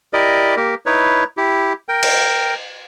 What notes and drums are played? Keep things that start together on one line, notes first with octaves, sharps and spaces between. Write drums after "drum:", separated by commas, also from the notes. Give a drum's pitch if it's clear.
E4 G4 A#4 D5 D#5
A#3 G4 A#4
D#4 E4 B4 C#5
E4 G4
A#4 G5
drum: cymbal